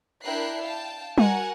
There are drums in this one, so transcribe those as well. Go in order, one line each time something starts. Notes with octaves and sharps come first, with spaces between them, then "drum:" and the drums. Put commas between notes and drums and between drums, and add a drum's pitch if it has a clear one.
D4 E4 A#4 G5 F#6 C7
F5 G5 A5
F#4 A#4 F#5 G#5, drum: tom G3